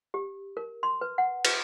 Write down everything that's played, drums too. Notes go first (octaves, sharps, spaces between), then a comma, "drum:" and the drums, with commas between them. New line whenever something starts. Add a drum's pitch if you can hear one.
G4
A#4
C6
B4
F#5
B4, drum: cymbal